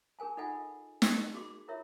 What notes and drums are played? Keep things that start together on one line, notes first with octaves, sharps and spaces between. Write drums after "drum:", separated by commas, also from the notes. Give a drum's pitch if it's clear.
D4 G#4 A#4 G#5 A5
D#4 F4 A4 D#5 F#5 G#5
D#4 A#4, drum: snare
F#4 G#4 B5 C6 D6
E4 F4 A#4 C#5 E5